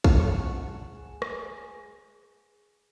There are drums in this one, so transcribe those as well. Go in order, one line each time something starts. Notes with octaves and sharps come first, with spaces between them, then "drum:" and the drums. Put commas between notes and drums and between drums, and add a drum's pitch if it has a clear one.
drum: kick
G#2 F#5 A5 C#6
G#4
drum: rim click